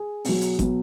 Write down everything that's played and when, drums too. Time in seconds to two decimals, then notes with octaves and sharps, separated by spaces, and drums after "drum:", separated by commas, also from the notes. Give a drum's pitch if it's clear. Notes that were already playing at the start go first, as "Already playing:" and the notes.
Already playing: G#4
0.25 B2 F#3, drum: open hi-hat
0.42 drum: hi-hat
0.59 B2 F#3, drum: kick G1, hi-hat